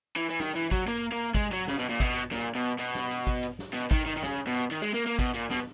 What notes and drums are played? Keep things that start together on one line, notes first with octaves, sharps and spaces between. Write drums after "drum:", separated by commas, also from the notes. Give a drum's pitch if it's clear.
E3
E3
D#3, drum: snare
E3
F#3, drum: kick G#1, hi-hat
A#3, drum: hi-hat
A#3
G#3, drum: kick G#1, hi-hat
F#3, drum: hi-hat
C#3, drum: snare
B2
A#2
B2, drum: kick G#1, hi-hat
drum: hi-hat
A#2, drum: snare
B2
B2, drum: hi-hat
drum: snare
drum: hi-hat
drum: kick G#1, hi-hat
drum: hi-hat
drum: snare
B2, drum: hi-hat
D#3, drum: kick G#1, hi-hat
D#3
D#3
C#3, drum: snare
B2
D#3, drum: hi-hat
G#3
A#3
A#3
B2, drum: kick G#1, hi-hat
A#2, drum: hi-hat
B2, drum: snare